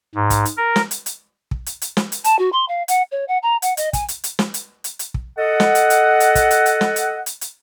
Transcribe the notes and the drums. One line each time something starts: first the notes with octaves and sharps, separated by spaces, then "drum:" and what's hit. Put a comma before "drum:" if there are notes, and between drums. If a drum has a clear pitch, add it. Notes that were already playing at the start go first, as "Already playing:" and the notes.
G#2
drum: kick, hi-hat
drum: hi-hat
A#4
drum: snare
drum: hi-hat
drum: hi-hat
drum: kick
drum: hi-hat
drum: hi-hat
drum: snare
drum: hi-hat
A5, drum: hi-hat
F#4
C6
F5
F#5, drum: hi-hat
C#5
F#5
A#5
F#5, drum: hi-hat
D#5, drum: hi-hat
G#5, drum: kick, hi-hat
drum: hi-hat
drum: hi-hat
drum: snare
drum: hi-hat
drum: hi-hat
drum: hi-hat
drum: kick
A4 D#5 F#5
drum: snare
drum: hi-hat
drum: hi-hat
drum: hi-hat
drum: kick, hi-hat
drum: hi-hat
drum: hi-hat
drum: snare
drum: hi-hat
drum: hi-hat
drum: hi-hat